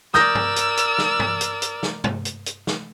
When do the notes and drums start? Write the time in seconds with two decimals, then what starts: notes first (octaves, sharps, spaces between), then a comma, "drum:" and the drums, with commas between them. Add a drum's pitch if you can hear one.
0.14 A#4 D5 D#6 E6 G6 A#6, drum: snare
0.35 drum: tom G2
0.56 drum: hi-hat
0.77 drum: hi-hat
0.98 drum: snare
1.20 drum: tom G2
1.41 drum: hi-hat
1.62 drum: hi-hat
1.83 drum: snare
2.04 drum: tom G2
2.25 drum: hi-hat
2.46 drum: hi-hat
2.67 drum: snare